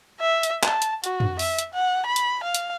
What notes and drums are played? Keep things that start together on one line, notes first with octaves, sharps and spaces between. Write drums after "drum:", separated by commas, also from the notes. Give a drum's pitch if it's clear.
E5
drum: hi-hat
A5, drum: clap
drum: hi-hat
F#4, drum: hi-hat
drum: tom
E5, drum: open hi-hat
drum: hi-hat
F#5
B5
drum: hi-hat
F5
drum: hi-hat